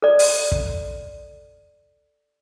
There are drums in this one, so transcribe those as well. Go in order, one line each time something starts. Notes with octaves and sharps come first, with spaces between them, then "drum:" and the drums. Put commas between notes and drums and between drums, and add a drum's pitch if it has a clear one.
A4 D5
drum: open hi-hat
drum: kick